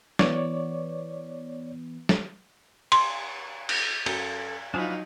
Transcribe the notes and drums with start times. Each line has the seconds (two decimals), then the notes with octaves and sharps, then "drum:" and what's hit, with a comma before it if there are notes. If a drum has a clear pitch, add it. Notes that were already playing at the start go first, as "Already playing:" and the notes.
0.19 E3 B3 C#5 D5, drum: snare
2.09 drum: snare
2.92 C6, drum: cymbal
3.69 drum: cymbal
4.06 F#2 A4, drum: cymbal
4.74 F3 F#3 D4 D#4 F5 G#5 B5 D#6